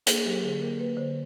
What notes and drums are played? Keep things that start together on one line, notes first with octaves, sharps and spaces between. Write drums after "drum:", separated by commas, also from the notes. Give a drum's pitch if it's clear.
A#3 G#4, drum: hi-hat
F#3 G4
D3 G#4
A#3 A#4
A#3 B4
D3 C5